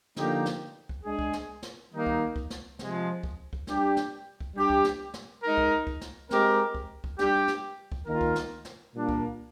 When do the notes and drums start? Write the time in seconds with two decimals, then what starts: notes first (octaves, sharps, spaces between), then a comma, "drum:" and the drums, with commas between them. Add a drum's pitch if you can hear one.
0.16 D3 F3 A#3 D#4 G4, drum: snare
0.46 drum: snare
0.89 drum: kick C#2
1.04 G#3 D4 G#4
1.19 drum: kick C#2
1.33 drum: snare
1.63 drum: snare
1.92 D#3 G3 A#3 D#4
2.06 drum: kick C#2
2.36 drum: kick C#2
2.50 drum: snare
2.79 C3 F3 G#3, drum: snare
3.23 drum: kick C#2
3.53 drum: kick C#2
3.67 G3 D4 G4, drum: snare
3.97 drum: snare
4.40 drum: kick C#2
4.55 G3 D4 G4
4.70 drum: kick C#2
4.84 drum: snare
5.14 drum: snare
5.43 G#3 D#4 A#4
5.58 drum: kick C#2
5.87 drum: kick C#2
6.01 drum: snare
6.31 G#3 C4 G4 A#4, drum: snare
6.75 drum: kick C#2
7.04 drum: kick C#2
7.19 G3 D4 G4, drum: snare
7.48 drum: snare
7.92 drum: kick C#2
8.06 D#3 A#3 F4 A#4
8.21 drum: kick C#2
8.35 drum: snare
8.65 drum: snare
8.94 A#2 G3 A#3 D4
9.09 drum: kick C#2